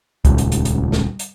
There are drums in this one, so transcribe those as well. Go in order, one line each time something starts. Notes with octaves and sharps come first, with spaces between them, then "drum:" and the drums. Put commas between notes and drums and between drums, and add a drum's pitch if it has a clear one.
D#1 C#2, drum: kick, hi-hat
drum: hi-hat
drum: hi-hat
drum: hi-hat
drum: snare
drum: hi-hat